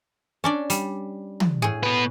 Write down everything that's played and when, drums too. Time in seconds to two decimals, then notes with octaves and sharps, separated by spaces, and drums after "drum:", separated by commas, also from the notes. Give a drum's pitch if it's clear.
0.44 C#4 D4 D5
0.70 G3, drum: hi-hat
1.40 drum: tom
1.62 A2 G#4
1.83 B2 B4